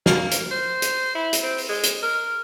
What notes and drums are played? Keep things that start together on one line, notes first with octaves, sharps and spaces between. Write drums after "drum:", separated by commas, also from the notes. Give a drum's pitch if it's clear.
A#3, drum: snare
drum: hi-hat
C5
drum: hi-hat
E4
drum: hi-hat
C4
drum: open hi-hat
G#3
drum: hi-hat
A#4